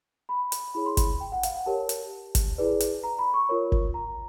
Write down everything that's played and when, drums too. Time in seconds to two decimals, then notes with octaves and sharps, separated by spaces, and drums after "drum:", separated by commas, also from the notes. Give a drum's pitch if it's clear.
0.29 B5
0.52 drum: hi-hat
0.74 E4 G#4 C#5 B5
0.86 C6
0.97 B5, drum: kick G1, hi-hat
1.20 G5
1.32 F#5
1.43 F5, drum: hi-hat
1.55 F#5
1.66 G4 A#4 C#5 A5
1.89 drum: hi-hat
2.35 drum: kick G1, hi-hat
2.58 E4 G#4 B4 D5
2.80 drum: hi-hat
3.04 A#5
3.19 B5
3.34 C#6
3.49 F4 A#4 C#5
3.72 drum: kick G1
3.94 A#5